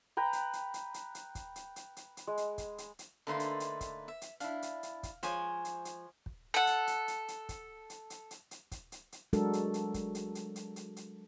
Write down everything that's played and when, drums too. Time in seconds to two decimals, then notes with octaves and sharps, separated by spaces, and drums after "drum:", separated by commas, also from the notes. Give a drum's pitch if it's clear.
0.17 B4 G5 A#5
0.33 drum: hi-hat
0.53 drum: hi-hat
0.74 drum: hi-hat
0.94 drum: hi-hat
1.15 drum: hi-hat
1.35 drum: kick, hi-hat
1.56 drum: hi-hat
1.76 drum: hi-hat
1.96 drum: hi-hat
2.17 drum: hi-hat
2.27 G#3
2.37 drum: hi-hat
2.58 drum: kick, hi-hat
2.78 drum: hi-hat
2.99 drum: hi-hat
3.27 D3 A3 A#3 D#4 B4 C6
3.40 drum: hi-hat
3.60 drum: hi-hat
3.81 drum: kick, hi-hat
4.08 E5
4.21 drum: hi-hat
4.40 D4 E4 F5, drum: hi-hat
4.62 drum: hi-hat
4.83 drum: hi-hat
5.03 drum: kick, hi-hat
5.23 F3 G#3 C5 C#5 G#5, drum: hi-hat
5.65 drum: hi-hat
5.85 drum: hi-hat
6.26 drum: kick
6.54 A4 F#5
6.67 drum: hi-hat
6.87 drum: hi-hat
7.08 drum: hi-hat
7.28 drum: hi-hat
7.49 drum: kick, hi-hat
7.90 drum: hi-hat
8.10 drum: hi-hat
8.31 drum: hi-hat
8.51 drum: hi-hat
8.71 drum: kick, hi-hat
8.92 drum: hi-hat
9.12 drum: hi-hat
9.33 F#3 G#3 D4 F#4 A4 A#4, drum: hi-hat
9.53 drum: hi-hat
9.74 drum: hi-hat
9.94 drum: kick, hi-hat
10.15 drum: hi-hat
10.35 drum: hi-hat
10.56 drum: hi-hat
10.76 drum: hi-hat
10.96 drum: hi-hat